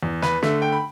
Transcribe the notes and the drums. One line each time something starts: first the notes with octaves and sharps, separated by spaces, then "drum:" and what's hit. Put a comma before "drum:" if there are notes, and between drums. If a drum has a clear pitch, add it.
E2
B4, drum: snare
D3 A3 E5, drum: snare
G5
B5